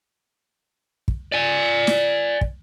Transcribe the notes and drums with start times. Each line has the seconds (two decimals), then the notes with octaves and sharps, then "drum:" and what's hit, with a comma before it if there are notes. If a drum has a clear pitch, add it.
1.08 drum: kick
1.32 D5 G#5
1.87 drum: snare
2.41 drum: kick